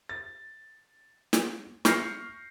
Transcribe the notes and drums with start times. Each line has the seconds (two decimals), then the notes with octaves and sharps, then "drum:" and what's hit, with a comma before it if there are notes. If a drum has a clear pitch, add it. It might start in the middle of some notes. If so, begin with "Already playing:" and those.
0.09 A6
1.33 drum: snare
1.85 C#6 F6 G6 A#6 C7 C#7, drum: snare